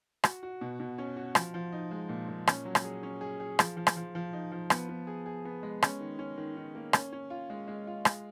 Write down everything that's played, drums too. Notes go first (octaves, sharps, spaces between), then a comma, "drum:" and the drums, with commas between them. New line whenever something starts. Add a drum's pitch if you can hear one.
F#4, drum: rim click
F#4
B2
B2
C#4
F#4
F3, drum: rim click
F3
D#4
G#3
A#2
A#2
C#4, drum: rim click
F#3
drum: rim click
G#4
C#4
G#4
G#4
F3, drum: rim click
F3
drum: rim click
F3
F3
D#4
F3
B3, drum: rim click
B3
G#4
G#4
B3
G#3
C#4, drum: rim click
D#3
C#4
D#3
D#3
A#3
C#4, drum: rim click
C#4
F4
G#3
G#3
F4
G#3, drum: rim click